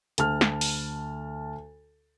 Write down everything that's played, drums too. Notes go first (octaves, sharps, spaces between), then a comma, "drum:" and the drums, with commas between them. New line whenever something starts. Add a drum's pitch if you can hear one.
D2 A5 F6, drum: hi-hat
drum: snare
drum: open hi-hat